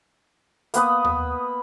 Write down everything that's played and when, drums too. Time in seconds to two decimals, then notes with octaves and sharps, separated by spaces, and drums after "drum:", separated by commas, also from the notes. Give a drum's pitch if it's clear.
0.74 A#3 B3 B4 D#6, drum: hi-hat
1.04 drum: tom D#2